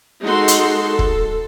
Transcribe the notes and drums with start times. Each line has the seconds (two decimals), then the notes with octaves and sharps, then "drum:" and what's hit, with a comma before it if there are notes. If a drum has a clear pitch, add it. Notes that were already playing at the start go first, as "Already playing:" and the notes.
0.22 G#3 D#4 F#4 A4 C6
0.48 drum: hi-hat
0.89 A4
0.99 drum: kick